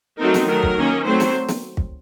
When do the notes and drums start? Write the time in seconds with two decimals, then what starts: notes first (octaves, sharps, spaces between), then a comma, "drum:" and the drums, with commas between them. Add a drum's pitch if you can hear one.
0.19 F#3 A3 C4 D#4 A#4
0.34 drum: snare
0.48 D#3 F#3 A3 A#4
0.63 drum: kick
0.77 D#3 A#3 C#4
1.05 F#3 A3 C4 C5
1.20 drum: snare
1.49 drum: snare
1.77 drum: kick